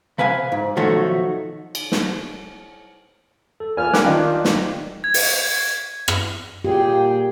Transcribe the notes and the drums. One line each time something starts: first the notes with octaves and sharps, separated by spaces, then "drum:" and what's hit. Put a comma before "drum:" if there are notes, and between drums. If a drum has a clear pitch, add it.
C3 B4 F5 G#5
G#2
B1 D#3 F3 A3 F#4 C#5
drum: cymbal
drum: snare
A4
E2 A#2 G#5 F6
G3 A#3 C#4 G5 D6 F#6, drum: snare
D#3 D4 F4
drum: snare
G#6
drum: open hi-hat
drum: rim click
A#2 G4 G#4 G5